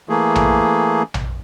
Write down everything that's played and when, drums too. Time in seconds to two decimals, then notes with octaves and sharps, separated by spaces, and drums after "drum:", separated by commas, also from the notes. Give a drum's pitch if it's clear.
0.09 E3 A3 A#3 G#4
0.35 drum: tom A#1
1.14 drum: tom A#1